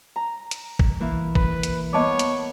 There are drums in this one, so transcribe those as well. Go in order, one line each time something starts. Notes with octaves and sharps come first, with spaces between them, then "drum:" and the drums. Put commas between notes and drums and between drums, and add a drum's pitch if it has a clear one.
A#5
drum: hi-hat
drum: kick
E3 A#3
B4, drum: kick
drum: hi-hat
A#3 B3 C#5 D#5 A5 D6
drum: hi-hat